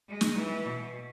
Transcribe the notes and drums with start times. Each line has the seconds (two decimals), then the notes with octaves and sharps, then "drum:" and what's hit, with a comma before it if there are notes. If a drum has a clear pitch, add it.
0.09 G#3
0.21 drum: snare
0.37 E3
0.66 B2